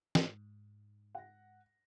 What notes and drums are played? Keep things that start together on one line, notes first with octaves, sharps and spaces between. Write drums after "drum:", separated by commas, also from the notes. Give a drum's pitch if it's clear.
G#2, drum: snare
F#5 A#6